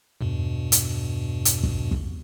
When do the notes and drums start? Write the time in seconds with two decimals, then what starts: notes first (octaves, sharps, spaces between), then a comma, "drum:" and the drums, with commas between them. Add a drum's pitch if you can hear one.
0.21 E2 G2 B2
0.72 drum: hi-hat
1.45 drum: hi-hat
1.63 drum: kick
1.91 drum: kick